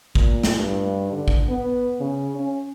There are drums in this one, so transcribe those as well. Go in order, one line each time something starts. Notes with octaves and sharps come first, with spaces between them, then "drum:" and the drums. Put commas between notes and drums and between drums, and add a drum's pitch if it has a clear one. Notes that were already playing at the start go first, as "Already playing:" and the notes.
A#2, drum: kick A1
drum: snare
G2
D3
drum: kick A1
B3
C#3
C#4